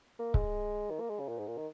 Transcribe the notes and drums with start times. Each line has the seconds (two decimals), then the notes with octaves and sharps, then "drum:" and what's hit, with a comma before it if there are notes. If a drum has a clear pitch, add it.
0.19 A#3
0.34 G#3, drum: kick C#1
0.91 D#3
1.00 A#3
1.10 G#3
1.20 C#3
1.28 A#2
1.38 G#2
1.48 A#2
1.57 D#3